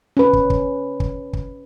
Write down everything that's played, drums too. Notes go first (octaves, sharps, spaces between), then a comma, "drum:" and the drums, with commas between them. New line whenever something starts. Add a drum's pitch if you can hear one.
C#4 B4
drum: kick
drum: kick
drum: kick
drum: kick